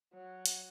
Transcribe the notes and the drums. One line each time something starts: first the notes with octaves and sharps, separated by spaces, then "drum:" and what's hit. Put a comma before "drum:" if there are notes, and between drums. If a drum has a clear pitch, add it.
F#3
drum: hi-hat